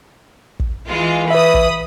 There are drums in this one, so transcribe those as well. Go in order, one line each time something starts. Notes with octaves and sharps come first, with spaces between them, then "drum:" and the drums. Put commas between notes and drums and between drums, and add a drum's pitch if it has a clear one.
drum: kick
E3 G#3 F4
B4 E5 B5 D#6
drum: kick